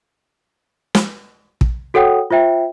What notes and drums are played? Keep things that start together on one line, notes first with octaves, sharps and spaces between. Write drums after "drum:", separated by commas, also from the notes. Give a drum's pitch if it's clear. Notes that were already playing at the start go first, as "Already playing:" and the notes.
drum: snare
drum: kick
F#4 A4 C#5 F#5 G5 D#6
F4 C5 E5 G5